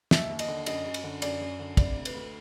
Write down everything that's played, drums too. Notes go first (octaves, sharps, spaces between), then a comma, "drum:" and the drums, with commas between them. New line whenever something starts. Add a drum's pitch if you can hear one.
D#2 E5, drum: snare
D#2
D#5, drum: cymbal
D3
F#2 D#5, drum: cymbal
F#2
drum: cymbal
D3
F#2 D5, drum: cymbal
F#2
D3
C3 D5, drum: kick, cymbal
D2
B4, drum: cymbal
D2